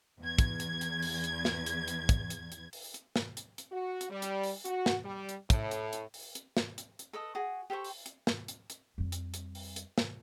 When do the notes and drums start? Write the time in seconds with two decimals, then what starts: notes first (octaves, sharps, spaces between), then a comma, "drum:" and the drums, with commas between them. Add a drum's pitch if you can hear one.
0.21 E2 G#6
0.39 drum: kick, hi-hat
0.60 drum: hi-hat
0.81 drum: hi-hat
1.02 drum: open hi-hat
1.24 drum: hi-hat
1.45 drum: snare
1.66 drum: hi-hat
1.88 drum: hi-hat
2.09 drum: kick, hi-hat
2.30 drum: hi-hat
2.52 drum: hi-hat
2.73 drum: open hi-hat
2.94 drum: hi-hat
3.16 drum: snare
3.37 drum: hi-hat
3.58 drum: hi-hat
3.72 F#4
4.01 drum: hi-hat
4.10 G3
4.22 drum: hi-hat
4.43 drum: open hi-hat
4.65 F#4, drum: hi-hat
4.86 drum: snare
5.04 G3
5.29 drum: hi-hat
5.50 A2, drum: kick, hi-hat
5.71 drum: hi-hat
5.93 drum: hi-hat
6.14 drum: open hi-hat
6.35 drum: hi-hat
6.57 drum: snare
6.78 drum: hi-hat
6.99 drum: hi-hat
7.13 A4 B4 D#5
7.35 F#4 G#4
7.70 G4 A4 C5 C#6
7.84 drum: open hi-hat
8.06 drum: hi-hat
8.27 drum: snare
8.48 drum: hi-hat
8.70 drum: hi-hat
8.98 F2 G3
9.12 drum: hi-hat
9.34 drum: hi-hat
9.55 drum: open hi-hat
9.76 drum: hi-hat
9.98 drum: snare